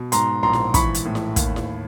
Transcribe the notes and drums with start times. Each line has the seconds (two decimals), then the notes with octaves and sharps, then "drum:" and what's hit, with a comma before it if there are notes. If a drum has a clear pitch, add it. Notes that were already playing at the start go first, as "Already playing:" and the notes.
Already playing: B2
0.12 G#2 A#5 C6, drum: hi-hat
0.43 A#1 A#5 C6
0.53 drum: snare E4
0.74 E3 B5 C#6, drum: kick, hi-hat
0.95 drum: hi-hat
1.05 A2
1.15 drum: snare E4
1.36 D#2, drum: kick, hi-hat
1.56 drum: snare E4